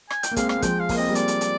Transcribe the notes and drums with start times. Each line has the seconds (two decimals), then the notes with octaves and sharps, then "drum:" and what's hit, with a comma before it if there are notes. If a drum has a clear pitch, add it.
0.10 G#5, drum: rim click
0.23 G5, drum: hi-hat
0.31 A#3
0.36 G#3 C4 F5, drum: kick, hi-hat
0.49 F5, drum: rim click
0.58 A#3
0.62 F3 G#3 G5, drum: kick, hi-hat
0.80 F5
0.89 A#3, drum: kick, open hi-hat
0.97 C4 D#5
1.09 G3 A#3
1.15 D5, drum: hi-hat
1.28 drum: hi-hat
1.41 drum: hi-hat